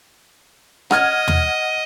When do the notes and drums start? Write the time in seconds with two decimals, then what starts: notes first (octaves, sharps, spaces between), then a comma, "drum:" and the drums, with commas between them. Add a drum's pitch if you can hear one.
0.91 D#5 F#5 F6 G#6, drum: rim click
1.28 drum: tom